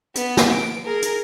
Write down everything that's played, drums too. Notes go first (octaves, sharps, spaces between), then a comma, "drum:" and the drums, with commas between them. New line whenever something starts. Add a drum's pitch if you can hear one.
B3, drum: hi-hat
drum: snare
D7
G#4 A#4
drum: hi-hat